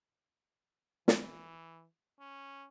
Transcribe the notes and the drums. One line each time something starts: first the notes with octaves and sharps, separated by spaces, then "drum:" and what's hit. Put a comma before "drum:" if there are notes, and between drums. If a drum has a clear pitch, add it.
E3, drum: snare
C#4